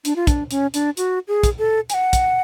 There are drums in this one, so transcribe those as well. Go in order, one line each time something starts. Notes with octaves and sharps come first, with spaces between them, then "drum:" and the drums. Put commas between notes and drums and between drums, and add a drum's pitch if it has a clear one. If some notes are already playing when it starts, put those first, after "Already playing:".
D4, drum: hi-hat
F4
D4, drum: kick, hi-hat
C#4, drum: hi-hat
D4, drum: hi-hat
F#4, drum: hi-hat
G#4
drum: kick, hi-hat
A4
G#5, drum: hi-hat
F#5
drum: kick, hi-hat